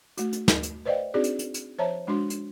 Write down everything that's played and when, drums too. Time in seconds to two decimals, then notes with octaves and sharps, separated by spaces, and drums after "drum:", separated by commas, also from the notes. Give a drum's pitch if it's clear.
0.17 A3 F#4, drum: hi-hat
0.33 drum: hi-hat
0.48 drum: snare
0.63 drum: hi-hat
0.85 B4 C5 D5 D#5 F5 G5
1.14 C4 D4 D#4 F#4 G#4 D5
1.24 drum: hi-hat
1.39 drum: hi-hat
1.54 drum: hi-hat
1.78 F3 C5 C#5 E5 A5 A#5
2.07 G#3 D4 F#4 C6
2.30 drum: hi-hat